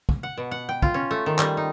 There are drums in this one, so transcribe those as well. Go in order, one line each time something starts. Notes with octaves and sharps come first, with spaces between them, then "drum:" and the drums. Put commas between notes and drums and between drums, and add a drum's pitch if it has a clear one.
drum: kick
F#5
B2
F#5
G5
F4, drum: kick
C#4
A3
D#3
G3, drum: clap
D#4